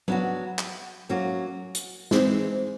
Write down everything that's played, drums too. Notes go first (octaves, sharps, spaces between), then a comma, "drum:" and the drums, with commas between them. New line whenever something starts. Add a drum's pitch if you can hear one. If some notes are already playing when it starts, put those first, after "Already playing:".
F#3 B3 D4 F#4, drum: tom F#3
drum: clap
F#3 A#3 C#4 F#4
drum: hi-hat
E3 G#3 C4 D#4, drum: snare